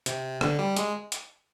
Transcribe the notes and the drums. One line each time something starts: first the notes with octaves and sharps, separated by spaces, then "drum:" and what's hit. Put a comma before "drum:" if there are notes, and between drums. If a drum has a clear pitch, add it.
C3, drum: hi-hat
D3, drum: rim click
G3
G#3, drum: hi-hat
drum: hi-hat